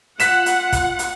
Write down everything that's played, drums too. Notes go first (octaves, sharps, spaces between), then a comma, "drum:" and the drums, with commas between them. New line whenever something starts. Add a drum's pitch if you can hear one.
F4 F#5 F#6 B6 E7, drum: hi-hat
drum: hi-hat
drum: kick, hi-hat
drum: hi-hat